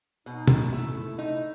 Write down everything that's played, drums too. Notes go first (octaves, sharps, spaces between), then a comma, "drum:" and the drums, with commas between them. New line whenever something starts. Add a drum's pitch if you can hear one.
B2 D#4
drum: tom
A3 E4
D#4